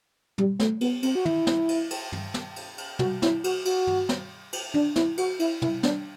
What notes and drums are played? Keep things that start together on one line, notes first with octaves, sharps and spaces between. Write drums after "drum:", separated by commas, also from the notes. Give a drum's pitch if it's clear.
G3, drum: tom
A3, drum: snare
B3, drum: cymbal
C4, drum: cymbal
F#4
E4, drum: tom
drum: snare
drum: cymbal
drum: cymbal
drum: tom
drum: snare
drum: cymbal
drum: cymbal
F#4, drum: tom
E4, drum: snare
F#4, drum: cymbal
F#4, drum: cymbal
drum: tom
drum: snare
drum: cymbal
D4, drum: tom
E4, drum: snare
F#4, drum: cymbal
E4, drum: cymbal
E4, drum: tom
D4, drum: snare